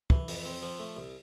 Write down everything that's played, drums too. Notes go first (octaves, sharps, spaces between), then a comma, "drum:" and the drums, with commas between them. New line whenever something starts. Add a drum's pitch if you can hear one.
E3, drum: kick
F2, drum: open hi-hat
C4
F3
A3
C2